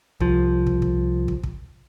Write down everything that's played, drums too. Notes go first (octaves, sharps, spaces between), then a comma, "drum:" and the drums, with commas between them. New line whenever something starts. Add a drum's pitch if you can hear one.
C2 F3, drum: kick
drum: kick
drum: kick
drum: kick
drum: kick